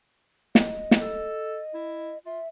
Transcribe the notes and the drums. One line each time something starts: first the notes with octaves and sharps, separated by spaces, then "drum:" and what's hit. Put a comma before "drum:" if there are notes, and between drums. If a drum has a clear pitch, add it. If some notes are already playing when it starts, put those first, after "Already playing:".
D#5, drum: snare
drum: snare
A4
E4
F4 E5